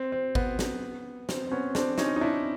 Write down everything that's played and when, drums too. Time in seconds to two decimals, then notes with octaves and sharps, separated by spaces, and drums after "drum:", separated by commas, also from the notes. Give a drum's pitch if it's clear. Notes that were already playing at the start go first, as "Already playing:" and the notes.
Already playing: C4
0.12 C4
0.35 B3, drum: kick G#1
0.59 drum: snare
1.29 C4, drum: snare
1.47 C4
1.52 B3 C#4
1.75 C4 D4, drum: snare
1.98 C#4 D#4, drum: snare
2.16 D#4
2.21 D4 E4